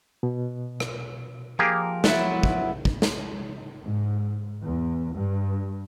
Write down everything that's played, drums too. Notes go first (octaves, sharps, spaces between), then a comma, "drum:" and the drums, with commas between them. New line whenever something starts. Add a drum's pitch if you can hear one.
B2
drum: rim click
F3 A#3 G4 G#4 A#4
F#3 B3 E4 A6, drum: snare
drum: kick
drum: kick
drum: snare
G#2
E2
G2